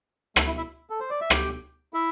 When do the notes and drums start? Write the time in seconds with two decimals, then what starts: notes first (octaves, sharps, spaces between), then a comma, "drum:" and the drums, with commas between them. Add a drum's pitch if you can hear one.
0.36 A3 A4, drum: rim click
0.46 E4
0.57 E4 E5
0.90 A4
1.00 C5
1.10 D5
1.21 E5
1.30 G4 G5, drum: rim click
1.93 E4 E5